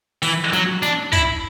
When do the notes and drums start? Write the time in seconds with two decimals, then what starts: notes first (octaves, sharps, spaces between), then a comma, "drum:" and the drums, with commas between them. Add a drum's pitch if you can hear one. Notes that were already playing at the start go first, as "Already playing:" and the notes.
0.23 E3, drum: open hi-hat
0.53 F#3, drum: snare
0.83 D4, drum: snare
1.13 E4, drum: kick, hi-hat